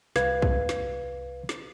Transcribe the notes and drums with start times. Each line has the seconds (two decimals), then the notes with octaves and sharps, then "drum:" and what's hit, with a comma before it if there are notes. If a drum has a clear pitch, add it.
0.16 C2 B4 F5 G#6, drum: snare
0.42 drum: kick
0.69 drum: snare
1.49 drum: snare